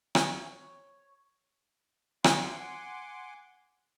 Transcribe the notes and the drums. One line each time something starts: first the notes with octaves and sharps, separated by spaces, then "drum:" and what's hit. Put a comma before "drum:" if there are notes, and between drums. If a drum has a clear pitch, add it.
C#5, drum: rim click
F#5 G#5 C6 D6, drum: rim click